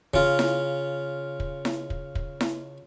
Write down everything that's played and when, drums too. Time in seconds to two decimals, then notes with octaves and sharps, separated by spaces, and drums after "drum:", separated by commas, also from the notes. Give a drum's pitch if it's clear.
0.14 C#3 F4, drum: kick
0.39 drum: snare E4
1.40 drum: kick
1.65 drum: snare E4
1.90 drum: kick
2.15 drum: kick
2.41 drum: snare E4